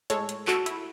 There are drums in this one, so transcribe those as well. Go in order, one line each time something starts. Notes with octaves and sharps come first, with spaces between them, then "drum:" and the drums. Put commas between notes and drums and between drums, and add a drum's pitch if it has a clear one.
A2 G#3 A4 C#5, drum: hi-hat
drum: hi-hat
F#4 A4, drum: clap
E4, drum: hi-hat